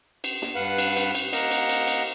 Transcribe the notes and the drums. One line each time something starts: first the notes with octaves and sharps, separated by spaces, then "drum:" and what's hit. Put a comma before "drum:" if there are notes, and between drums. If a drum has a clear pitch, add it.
drum: cymbal
drum: snare
G2 B4 F5 F#5 B5
drum: cymbal
drum: cymbal
drum: cymbal
A#3 A#4 D#5 F#5, drum: cymbal
drum: cymbal
drum: cymbal
drum: cymbal